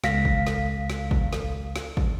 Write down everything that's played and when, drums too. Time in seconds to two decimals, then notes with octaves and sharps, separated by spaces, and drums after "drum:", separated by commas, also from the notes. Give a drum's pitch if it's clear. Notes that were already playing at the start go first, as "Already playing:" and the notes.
0.04 C#2 F5 A#6 B6, drum: snare
0.25 drum: kick
0.47 drum: snare
0.90 drum: snare
1.11 drum: kick
1.33 drum: snare
1.76 drum: snare
1.97 drum: kick